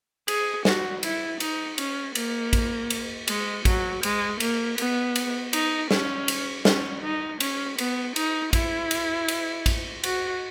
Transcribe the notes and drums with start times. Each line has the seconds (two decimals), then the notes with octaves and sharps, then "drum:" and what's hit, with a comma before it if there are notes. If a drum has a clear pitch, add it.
0.28 G#4, drum: cymbal
0.65 F#4, drum: snare
1.03 E4, drum: cymbal
1.40 D#4, drum: cymbal
1.78 C#4, drum: cymbal
2.15 A#3, drum: cymbal
2.53 drum: kick, cymbal
2.90 drum: cymbal
3.28 G#3, drum: cymbal
3.65 F#3, drum: kick, cymbal
4.03 G#3, drum: cymbal
4.40 A#3, drum: cymbal
4.78 B3, drum: cymbal
5.16 drum: cymbal
5.53 D#4, drum: cymbal
5.91 C#4, drum: snare
6.28 drum: cymbal
6.65 C#4, drum: snare
7.03 D#4
7.40 C#4, drum: cymbal
7.78 B3, drum: cymbal
8.16 D#4, drum: cymbal
8.53 E4, drum: kick, cymbal
8.91 drum: cymbal
9.28 drum: cymbal
9.66 drum: kick, cymbal
10.04 F#4, drum: cymbal